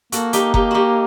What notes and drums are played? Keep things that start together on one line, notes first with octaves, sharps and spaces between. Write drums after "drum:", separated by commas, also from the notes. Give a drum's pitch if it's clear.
A#3 F#4 A4, drum: hi-hat
D#4 G4, drum: hi-hat
A#3 D#4 G4, drum: kick F#1
D#4 F#4 G4